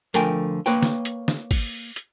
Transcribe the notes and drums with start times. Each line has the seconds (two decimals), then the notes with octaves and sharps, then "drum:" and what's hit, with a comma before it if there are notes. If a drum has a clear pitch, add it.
0.14 D3 F3 A3 A#4 G5 G#5, drum: hi-hat
0.66 A#3 B4 C#5 G5
0.82 drum: snare
1.05 drum: hi-hat
1.28 drum: snare
1.51 drum: kick G#1, open hi-hat
1.96 drum: hi-hat